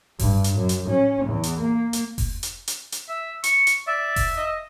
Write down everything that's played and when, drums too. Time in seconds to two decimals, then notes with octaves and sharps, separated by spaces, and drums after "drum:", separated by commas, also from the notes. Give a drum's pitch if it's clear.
0.19 G2, drum: kick F1, open hi-hat
0.44 drum: hi-hat
0.57 F#2
0.69 drum: hi-hat
0.89 C#4
1.26 E2
1.43 drum: hi-hat
1.60 A#3
1.93 drum: hi-hat
2.18 drum: kick F1, open hi-hat
2.43 drum: hi-hat
2.67 drum: hi-hat
2.92 drum: hi-hat
3.09 E5
3.44 C#6, drum: hi-hat
3.67 drum: hi-hat
3.87 D5 E5
4.16 drum: kick F1, open hi-hat
4.37 D#5